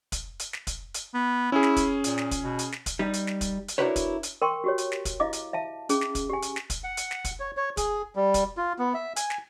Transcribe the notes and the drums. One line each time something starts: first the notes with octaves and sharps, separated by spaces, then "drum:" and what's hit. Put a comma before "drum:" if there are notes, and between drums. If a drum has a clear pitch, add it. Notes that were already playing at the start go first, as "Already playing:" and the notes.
drum: kick, hi-hat
drum: hi-hat
drum: snare
drum: kick, hi-hat
drum: hi-hat
B3
C#4 E4 G#4
drum: snare
drum: kick, hi-hat
A#2, drum: hi-hat
drum: snare
drum: kick, hi-hat
B2
drum: hi-hat
drum: snare
drum: kick, hi-hat
G3 D#4
drum: hi-hat
drum: snare
drum: kick, hi-hat
drum: hi-hat
D4 E4 F#4 A#4 B4 C#5
drum: kick, hi-hat
drum: hi-hat
A#4 G5 C6 C#6
F#4 G4 C#5
drum: hi-hat
drum: snare
drum: kick, hi-hat
E4 D#5 F5 D6
drum: hi-hat
E5 F5 A5
C#4 G#4, drum: hi-hat
drum: snare
drum: kick, hi-hat
G4 G#5
drum: hi-hat
drum: snare
drum: kick, hi-hat
F#5
drum: hi-hat
drum: snare
drum: kick, hi-hat
C#5
C#5
G#4, drum: kick, hi-hat
G3
drum: kick, hi-hat
F4
B3
E5
G#5, drum: hi-hat
drum: snare